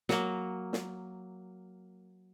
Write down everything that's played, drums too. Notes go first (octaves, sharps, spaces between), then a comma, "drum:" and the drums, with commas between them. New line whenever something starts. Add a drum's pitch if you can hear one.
F#3 A#3, drum: snare
drum: snare